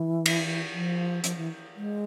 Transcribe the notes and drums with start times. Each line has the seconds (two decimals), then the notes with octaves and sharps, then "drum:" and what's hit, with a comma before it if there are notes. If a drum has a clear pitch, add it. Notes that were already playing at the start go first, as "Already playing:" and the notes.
Already playing: E3
0.26 drum: cymbal
0.73 F3
1.24 F3, drum: hi-hat
1.37 E3
1.76 G#3